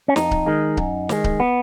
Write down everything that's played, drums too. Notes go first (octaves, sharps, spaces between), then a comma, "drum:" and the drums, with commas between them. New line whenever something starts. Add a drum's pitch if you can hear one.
C#4
F2 D#4, drum: snare
drum: kick C#1
D#3 G#3
F#2, drum: kick C#1
D#3 G#3, drum: snare
drum: kick C#1
B3